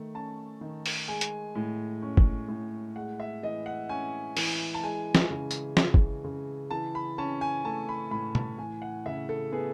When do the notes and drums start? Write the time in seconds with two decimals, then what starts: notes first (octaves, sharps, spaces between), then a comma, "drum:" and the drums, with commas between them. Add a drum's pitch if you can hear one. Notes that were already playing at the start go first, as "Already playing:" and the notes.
Already playing: D#3 A3
0.14 C#4 A5
0.61 D#3
0.86 drum: open hi-hat
1.08 G#3 G#5
1.21 drum: hi-hat
1.55 A2
2.02 C#4
2.17 drum: kick
2.48 A2
2.96 G#3 F#5
3.20 E5
3.43 E3 D#5
3.66 F#5
3.89 C#4 G#5
4.37 E3, drum: open hi-hat
4.74 A5
4.83 G#3 G#5
5.15 drum: snare
5.30 C#3
5.51 drum: tambourine
5.77 C#4, drum: snare
5.94 drum: kick
6.24 C#3
6.70 E3 A5
6.95 B5
7.18 C#4 A5
7.41 G#5
7.65 A3 A5
7.89 B5
8.11 A2 B5
8.35 A5, drum: tom
8.58 E3 G#5
8.82 F#5
9.06 C#3 E5
9.29 A4
9.52 B3 G#4